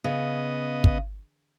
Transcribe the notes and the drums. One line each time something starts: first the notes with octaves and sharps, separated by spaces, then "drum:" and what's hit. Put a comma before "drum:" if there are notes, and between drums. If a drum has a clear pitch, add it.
C#3 B3 D#5
drum: kick